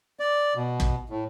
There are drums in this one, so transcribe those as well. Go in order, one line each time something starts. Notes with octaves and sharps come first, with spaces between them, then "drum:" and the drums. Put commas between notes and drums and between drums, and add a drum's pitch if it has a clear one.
D5
B2
drum: kick
A2